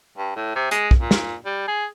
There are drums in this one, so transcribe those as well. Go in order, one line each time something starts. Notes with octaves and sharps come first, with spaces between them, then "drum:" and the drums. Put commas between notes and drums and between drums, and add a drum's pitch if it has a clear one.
G2
A2
C3
G#3, drum: hi-hat
drum: kick
A#2
drum: snare
G3
G#4